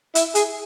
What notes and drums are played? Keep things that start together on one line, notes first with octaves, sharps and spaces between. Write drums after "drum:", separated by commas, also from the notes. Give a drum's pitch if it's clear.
E4, drum: hi-hat
G#4, drum: hi-hat